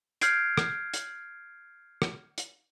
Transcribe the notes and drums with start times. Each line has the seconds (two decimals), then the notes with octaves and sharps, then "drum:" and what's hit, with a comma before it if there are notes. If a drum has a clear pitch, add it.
0.21 F6 G6 G#6 C7 D7, drum: hi-hat
0.57 drum: rim click
0.94 drum: hi-hat
2.02 drum: rim click
2.38 drum: hi-hat